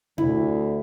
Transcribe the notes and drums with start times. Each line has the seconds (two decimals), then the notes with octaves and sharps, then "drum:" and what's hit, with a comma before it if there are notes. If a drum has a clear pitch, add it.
0.18 D2 E4, drum: tom B2